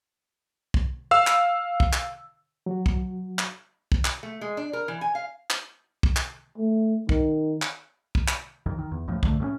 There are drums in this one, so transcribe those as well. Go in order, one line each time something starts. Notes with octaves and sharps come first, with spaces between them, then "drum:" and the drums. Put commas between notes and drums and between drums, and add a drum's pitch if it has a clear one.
drum: kick
F5 E6
drum: clap
drum: kick
drum: clap
F#3 F#4
drum: kick
drum: clap
drum: kick
drum: clap
A3
G#3
D4
A#4
E3
G#5
F5
drum: clap
drum: kick
drum: clap
A3
D#3, drum: kick
drum: clap
drum: kick
drum: clap
C2 F2 D#3
D#3
E2
C#2 A2 F3
F2 D3 F#3 A3, drum: kick
A2 A3 C#4